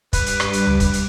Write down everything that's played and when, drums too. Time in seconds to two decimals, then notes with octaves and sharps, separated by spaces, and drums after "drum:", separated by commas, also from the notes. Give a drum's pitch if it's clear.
0.13 G2 G3 B4 D6, drum: kick, hi-hat
0.26 drum: hi-hat
0.40 drum: rim click
0.53 drum: hi-hat
0.67 drum: tom D2
0.80 drum: kick, hi-hat
0.93 drum: hi-hat